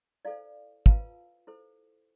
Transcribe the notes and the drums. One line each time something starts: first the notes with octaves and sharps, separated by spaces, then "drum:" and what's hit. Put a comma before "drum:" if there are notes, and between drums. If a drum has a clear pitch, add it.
E4 A4 C5 D5 F5
F4 B4 F5 A5, drum: kick
E4 A4 C5